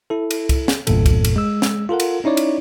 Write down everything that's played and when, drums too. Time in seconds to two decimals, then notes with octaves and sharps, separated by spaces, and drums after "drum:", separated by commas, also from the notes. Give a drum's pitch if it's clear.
0.10 E4 A4
0.31 drum: cymbal
0.49 drum: kick C2, cymbal
0.68 drum: snare
0.87 G1 E2 G2 A#2 A4, drum: cymbal
1.06 drum: kick C2, cymbal
1.25 drum: cymbal
1.36 G#3 E6
1.62 drum: snare
1.89 F4 A4 A#4 F#5
2.00 drum: cymbal
2.24 C#4 D#4 E4 C#5 D5
2.37 drum: cymbal